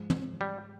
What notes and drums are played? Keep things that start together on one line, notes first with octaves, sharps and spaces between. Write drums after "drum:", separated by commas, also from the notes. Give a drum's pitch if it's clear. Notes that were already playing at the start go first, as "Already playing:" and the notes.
Already playing: G#2 F3 G#3
drum: tom
G3